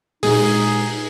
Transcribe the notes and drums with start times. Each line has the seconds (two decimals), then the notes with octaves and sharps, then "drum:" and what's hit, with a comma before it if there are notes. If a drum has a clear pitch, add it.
0.23 A#2 G#3 D#4 G#4, drum: open hi-hat